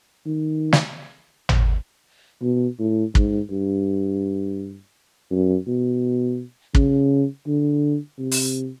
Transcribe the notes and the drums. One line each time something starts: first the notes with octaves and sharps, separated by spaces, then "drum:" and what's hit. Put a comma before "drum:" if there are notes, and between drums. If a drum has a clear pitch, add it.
D#3
drum: snare
drum: tom
B2
A2
G#2, drum: kick
G2
F#2
B2
C#3, drum: kick
D3
C3
drum: open hi-hat